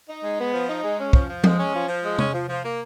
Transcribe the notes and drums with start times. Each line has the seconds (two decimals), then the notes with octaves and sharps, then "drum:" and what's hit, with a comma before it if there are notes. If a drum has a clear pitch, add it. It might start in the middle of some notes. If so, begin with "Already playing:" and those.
0.08 D#4
0.23 G#3
0.38 B3
0.53 F3
0.68 D#4
0.82 G#3
0.98 C#4
1.13 F3, drum: kick
1.28 F3
1.44 G#3, drum: tom F3
1.59 C#4
1.73 F3
1.88 F3
2.04 G#3
2.18 C#4, drum: tom
2.34 F3
2.48 F3
2.63 A#3